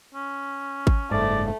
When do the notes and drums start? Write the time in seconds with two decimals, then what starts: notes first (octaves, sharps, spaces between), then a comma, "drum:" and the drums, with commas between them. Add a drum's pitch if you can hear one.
0.14 C#4
0.87 drum: kick G#1
1.11 F#1 G#2 A3 D5